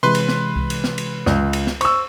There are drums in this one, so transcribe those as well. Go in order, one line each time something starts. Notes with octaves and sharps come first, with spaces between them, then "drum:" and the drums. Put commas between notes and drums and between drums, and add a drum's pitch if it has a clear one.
C3 E3 G#3 B4 C6
drum: cymbal
drum: snare
drum: kick C2
drum: cymbal
drum: snare
drum: cymbal
C#2, drum: snare
drum: cymbal
drum: snare
C5 C#6 E6, drum: cymbal